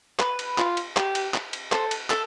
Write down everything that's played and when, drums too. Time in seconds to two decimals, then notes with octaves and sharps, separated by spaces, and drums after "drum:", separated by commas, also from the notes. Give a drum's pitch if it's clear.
0.19 B4, drum: clap
0.39 drum: cymbal
0.58 F4, drum: clap
0.77 drum: cymbal
0.97 G4, drum: clap
1.15 drum: cymbal
1.34 drum: clap
1.53 drum: cymbal
1.72 A4 C5, drum: clap
1.91 drum: cymbal
2.10 A4, drum: clap